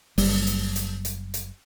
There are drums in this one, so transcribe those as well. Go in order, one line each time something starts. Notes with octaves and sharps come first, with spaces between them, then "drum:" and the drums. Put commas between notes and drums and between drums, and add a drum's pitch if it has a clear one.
F#1 G3, drum: open hi-hat
drum: hi-hat
drum: hi-hat
drum: hi-hat
drum: hi-hat